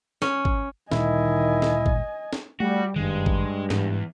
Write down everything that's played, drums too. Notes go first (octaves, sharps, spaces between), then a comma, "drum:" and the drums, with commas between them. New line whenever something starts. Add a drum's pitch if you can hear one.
C#4, drum: snare
drum: kick G#1
D2 A#2 D#3 G3 E4 D#5 G#5, drum: snare
drum: snare
drum: kick G#1
drum: snare
G3 A3 F#4
F#1 G2 D#3 G#3
drum: kick G#1
E2 G#2, drum: snare